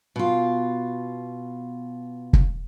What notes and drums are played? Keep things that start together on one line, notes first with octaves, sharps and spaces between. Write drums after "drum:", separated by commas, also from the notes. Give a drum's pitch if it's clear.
B2 F4
drum: kick